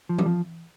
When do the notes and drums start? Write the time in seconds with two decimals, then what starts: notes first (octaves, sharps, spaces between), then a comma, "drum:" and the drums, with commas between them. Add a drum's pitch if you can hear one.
0.09 F3
0.19 G3, drum: tom E3
0.26 F3